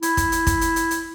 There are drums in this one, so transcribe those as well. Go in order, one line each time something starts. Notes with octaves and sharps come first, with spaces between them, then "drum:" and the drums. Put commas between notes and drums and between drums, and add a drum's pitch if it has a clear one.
E4, drum: hi-hat
drum: kick, hi-hat
drum: hi-hat
drum: kick, hi-hat
drum: hi-hat
drum: hi-hat
drum: hi-hat